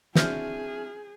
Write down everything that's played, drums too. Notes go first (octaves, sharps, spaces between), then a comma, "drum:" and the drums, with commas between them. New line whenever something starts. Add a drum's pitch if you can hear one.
C4 D4 E4 F#4 G#4 F6 G6, drum: snare